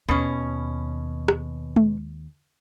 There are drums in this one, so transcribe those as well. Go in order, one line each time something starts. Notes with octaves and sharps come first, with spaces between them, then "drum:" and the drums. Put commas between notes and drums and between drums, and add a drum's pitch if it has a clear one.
D#2 B2 C#4
drum: rim click
drum: tom G#3